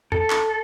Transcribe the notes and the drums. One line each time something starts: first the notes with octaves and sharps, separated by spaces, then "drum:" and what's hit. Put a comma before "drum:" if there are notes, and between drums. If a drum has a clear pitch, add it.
A4, drum: tom E2
drum: clap